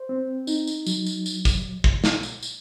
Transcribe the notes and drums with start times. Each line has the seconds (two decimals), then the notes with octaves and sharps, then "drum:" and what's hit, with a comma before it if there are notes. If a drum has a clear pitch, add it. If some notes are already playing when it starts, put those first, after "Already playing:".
Already playing: C5
0.09 C4
0.47 D#4, drum: tambourine
0.67 drum: tambourine
0.86 F#3, drum: tambourine
1.06 drum: tambourine
1.26 drum: tambourine
1.45 drum: kick, tambourine
1.84 drum: kick
2.04 drum: snare
2.23 drum: tambourine
2.43 drum: tambourine